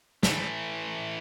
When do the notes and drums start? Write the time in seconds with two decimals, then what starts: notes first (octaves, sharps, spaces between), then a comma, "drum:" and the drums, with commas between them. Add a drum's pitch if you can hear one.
0.23 E3 A3, drum: snare